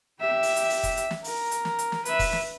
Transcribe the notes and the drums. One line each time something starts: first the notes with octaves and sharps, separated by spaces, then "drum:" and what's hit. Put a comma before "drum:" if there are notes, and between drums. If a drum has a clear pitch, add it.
G4 E5
drum: open hi-hat
drum: hi-hat
drum: open hi-hat
drum: kick, hi-hat
drum: hi-hat
drum: snare
A#4, drum: open hi-hat
drum: hi-hat
drum: snare
drum: hi-hat
drum: snare
B4 E5, drum: hi-hat
drum: kick, open hi-hat
drum: snare